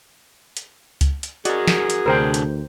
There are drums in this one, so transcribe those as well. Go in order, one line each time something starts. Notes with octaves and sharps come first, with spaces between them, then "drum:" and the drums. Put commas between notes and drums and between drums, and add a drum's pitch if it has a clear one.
drum: hi-hat
drum: kick C#2, hi-hat
drum: hi-hat
F#4 G#4 A#4 D5 D#5, drum: hi-hat
drum: snare
drum: hi-hat
D2 C3 D4 A#4 C5 G5
drum: hi-hat